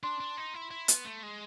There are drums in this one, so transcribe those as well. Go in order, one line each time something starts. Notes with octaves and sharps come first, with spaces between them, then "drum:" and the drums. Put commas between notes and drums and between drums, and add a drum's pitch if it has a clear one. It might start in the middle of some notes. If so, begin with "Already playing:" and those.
D4 C6
D4
D#4
E4
E4
B3, drum: hi-hat
A3
G#3